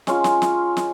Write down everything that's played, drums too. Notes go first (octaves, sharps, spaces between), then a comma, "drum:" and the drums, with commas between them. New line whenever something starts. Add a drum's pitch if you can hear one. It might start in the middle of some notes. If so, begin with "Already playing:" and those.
G#3 C#4 F4, drum: snare
drum: snare
drum: snare
drum: snare